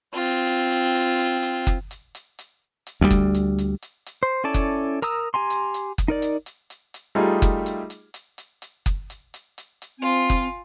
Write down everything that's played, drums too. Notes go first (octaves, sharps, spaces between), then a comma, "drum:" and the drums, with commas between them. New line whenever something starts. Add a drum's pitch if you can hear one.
C4 F4
drum: hi-hat
drum: hi-hat
drum: hi-hat
drum: hi-hat
drum: hi-hat
drum: kick F#1, hi-hat
drum: hi-hat
drum: hi-hat
drum: hi-hat
drum: hi-hat
D2 G3
drum: kick F#1, hi-hat
drum: hi-hat
drum: hi-hat
drum: hi-hat
drum: hi-hat
C5
C#4 E4 A4 D5 A5
drum: kick F#1, hi-hat
A#4 A#5 D#6 E6, drum: hi-hat
G4 G#5 A#5 C6
drum: hi-hat
drum: hi-hat
drum: kick F#1, hi-hat
D#4 A#4 D5
drum: hi-hat
drum: hi-hat
drum: hi-hat
drum: hi-hat
G3 A3 D#4 F4 G4 G#4
drum: kick F#1, hi-hat
drum: hi-hat
drum: hi-hat
drum: hi-hat
drum: hi-hat
drum: hi-hat
drum: kick F#1, hi-hat
drum: hi-hat
drum: hi-hat
drum: hi-hat
drum: hi-hat
C4 F4 G#5
drum: kick F#1, hi-hat